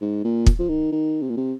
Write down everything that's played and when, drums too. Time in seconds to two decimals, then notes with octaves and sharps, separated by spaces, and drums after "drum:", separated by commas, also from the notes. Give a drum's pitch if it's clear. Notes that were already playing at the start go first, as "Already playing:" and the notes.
0.01 G#2
0.24 A#2
0.46 drum: kick
0.59 F3
0.69 D#3
0.92 D#3
1.22 C3
1.29 A#2
1.37 C3